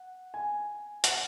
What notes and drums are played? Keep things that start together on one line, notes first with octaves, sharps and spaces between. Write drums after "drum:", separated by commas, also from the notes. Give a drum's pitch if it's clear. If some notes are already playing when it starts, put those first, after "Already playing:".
Already playing: F#5
G#5
F#5, drum: hi-hat